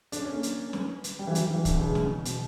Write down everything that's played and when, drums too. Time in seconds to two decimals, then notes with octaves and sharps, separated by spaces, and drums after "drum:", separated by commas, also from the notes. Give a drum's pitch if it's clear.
0.12 D4, drum: hi-hat
0.22 C#4
0.32 A#3
0.43 drum: hi-hat
0.69 C#4
0.73 B3, drum: snare
1.04 drum: hi-hat
1.19 G3
1.27 E3
1.35 F#3, drum: hi-hat
1.50 E3
1.65 D3, drum: kick, hi-hat
1.74 B2
1.80 C#3
1.95 drum: snare
2.25 B2, drum: hi-hat